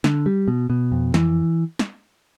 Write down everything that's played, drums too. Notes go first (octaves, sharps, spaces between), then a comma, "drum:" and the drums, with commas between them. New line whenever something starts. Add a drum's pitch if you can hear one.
D3, drum: snare
G3
B2
B2
F2
E3, drum: snare
drum: snare